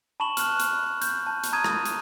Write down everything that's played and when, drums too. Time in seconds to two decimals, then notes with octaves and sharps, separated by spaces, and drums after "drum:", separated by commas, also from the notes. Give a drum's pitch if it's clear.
0.20 A5 B5 C#6 E7 F#7
0.37 F6 F#6, drum: hi-hat
0.60 drum: hi-hat
1.02 G6, drum: hi-hat
1.27 A5
1.44 drum: hi-hat
1.53 A#5 D#6 G#6 D#7
1.65 drum: rim click
1.85 drum: hi-hat